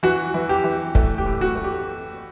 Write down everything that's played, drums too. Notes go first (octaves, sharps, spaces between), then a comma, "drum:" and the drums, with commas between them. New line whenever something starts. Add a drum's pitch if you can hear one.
E3 F#4
E3
G4
E3
A3, drum: kick
G4
A2
F#4
A3
G4